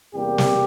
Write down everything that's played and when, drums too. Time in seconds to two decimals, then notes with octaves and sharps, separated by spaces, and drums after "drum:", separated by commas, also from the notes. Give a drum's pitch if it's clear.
0.14 E2 C3 G3 A#3 G4
0.38 drum: snare